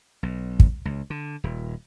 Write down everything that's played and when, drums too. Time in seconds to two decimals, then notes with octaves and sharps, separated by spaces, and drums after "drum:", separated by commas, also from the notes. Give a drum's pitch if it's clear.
0.23 B1
0.60 drum: kick
0.85 C#2
1.10 D3
1.44 D#1